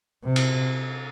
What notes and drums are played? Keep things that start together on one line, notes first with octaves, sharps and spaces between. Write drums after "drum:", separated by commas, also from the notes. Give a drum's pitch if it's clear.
C3
drum: cymbal